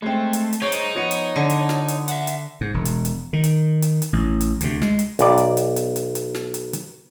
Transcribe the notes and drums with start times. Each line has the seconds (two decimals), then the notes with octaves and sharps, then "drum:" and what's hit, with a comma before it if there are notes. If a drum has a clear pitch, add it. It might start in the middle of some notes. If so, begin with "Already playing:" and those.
0.02 G#3 A3 C4
0.33 drum: hi-hat
0.53 drum: hi-hat
0.62 D#4 G#4 C5 C#5 D7
0.72 drum: hi-hat
0.95 F3 B3 C#5 C#7
1.11 drum: hi-hat
1.36 D3
1.50 drum: hi-hat
1.69 drum: snare
1.88 drum: hi-hat
2.08 E5 F#5, drum: hi-hat
2.27 drum: hi-hat
2.61 G#2
2.74 E1
2.85 drum: hi-hat
3.05 drum: hi-hat
3.33 D#3
3.44 drum: hi-hat
3.82 drum: hi-hat
4.02 drum: hi-hat
4.13 A1
4.41 drum: hi-hat
4.61 D2 C3, drum: hi-hat
4.82 G#3, drum: snare
4.99 drum: hi-hat
5.19 B1 D5, drum: hi-hat
5.38 drum: hi-hat
5.57 drum: hi-hat
5.76 drum: hi-hat
5.96 drum: hi-hat
6.15 drum: hi-hat
6.35 drum: snare
6.54 drum: hi-hat
6.73 drum: hi-hat